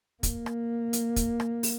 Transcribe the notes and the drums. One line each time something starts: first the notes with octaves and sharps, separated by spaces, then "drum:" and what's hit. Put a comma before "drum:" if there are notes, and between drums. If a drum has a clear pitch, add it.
A#3, drum: kick, hi-hat
drum: rim click
drum: hi-hat
drum: kick, hi-hat
drum: rim click
drum: open hi-hat